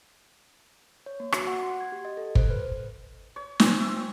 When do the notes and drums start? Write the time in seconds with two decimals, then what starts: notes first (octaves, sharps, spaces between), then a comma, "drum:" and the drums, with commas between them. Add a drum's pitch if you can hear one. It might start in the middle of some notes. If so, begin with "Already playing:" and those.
1.06 C#5
1.20 A#3
1.32 F#4, drum: rim click
1.47 F#5
1.63 C6
1.81 G#6
1.92 G4
2.05 D#5
2.17 A4
2.35 C5, drum: kick
2.50 B4
3.36 C#5
3.60 C4 C#5 G#5, drum: snare
3.79 E5